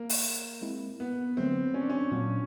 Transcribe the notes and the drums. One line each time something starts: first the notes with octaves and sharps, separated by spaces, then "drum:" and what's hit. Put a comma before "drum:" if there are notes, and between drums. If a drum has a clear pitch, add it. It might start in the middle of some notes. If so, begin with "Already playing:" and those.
Already playing: A#3
drum: open hi-hat
G#3 C4 E4
B3
D3 F#3 A3 C4
C#4
D4
C#4
A#2 F#3 A#3 C#4 D4